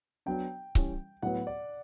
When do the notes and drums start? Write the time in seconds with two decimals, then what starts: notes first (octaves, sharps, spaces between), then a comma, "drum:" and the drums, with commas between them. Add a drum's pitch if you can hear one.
0.26 F#3 B3 D4 G5
0.75 E3 G3 C#4, drum: kick C#1
1.22 A2 F#3 B3 F#4 B4 F#5
1.47 D5